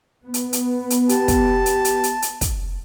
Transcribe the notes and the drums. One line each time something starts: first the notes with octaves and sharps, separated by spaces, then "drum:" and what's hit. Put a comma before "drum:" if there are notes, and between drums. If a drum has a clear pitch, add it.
B3
drum: hi-hat
drum: hi-hat
drum: hi-hat
G4 A5, drum: hi-hat
drum: kick, hi-hat
drum: hi-hat
drum: hi-hat
drum: hi-hat
drum: hi-hat
drum: kick, hi-hat